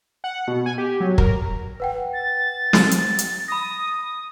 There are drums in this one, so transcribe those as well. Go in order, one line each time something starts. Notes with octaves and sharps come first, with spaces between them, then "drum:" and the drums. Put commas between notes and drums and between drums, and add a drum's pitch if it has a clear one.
F#5
B2
G#5
G4
F#3
A#4, drum: kick
B4 F#5 G5
A6
drum: snare
drum: hi-hat
drum: hi-hat
B5 D#6 A#6